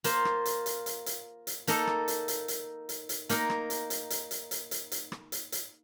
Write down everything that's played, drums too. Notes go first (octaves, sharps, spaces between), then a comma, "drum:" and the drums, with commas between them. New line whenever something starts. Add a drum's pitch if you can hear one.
A#3 F4 C5, drum: hi-hat
drum: rim click
drum: hi-hat
drum: hi-hat
drum: hi-hat
drum: hi-hat
drum: hi-hat
A#3 D#4 A4, drum: hi-hat
drum: rim click
drum: hi-hat
drum: hi-hat
drum: hi-hat
drum: hi-hat
drum: hi-hat
A#3 D#4 A#4, drum: hi-hat
drum: rim click
drum: hi-hat
drum: hi-hat
drum: hi-hat
drum: hi-hat
drum: hi-hat
drum: hi-hat
drum: hi-hat
drum: rim click
drum: hi-hat
drum: hi-hat